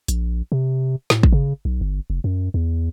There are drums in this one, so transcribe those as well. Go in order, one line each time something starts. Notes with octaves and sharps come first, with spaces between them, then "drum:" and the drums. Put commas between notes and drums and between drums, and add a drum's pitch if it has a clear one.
A#1, drum: hi-hat
C3
A2, drum: snare
drum: kick
C#3
B1
G1
F1
F#2
E2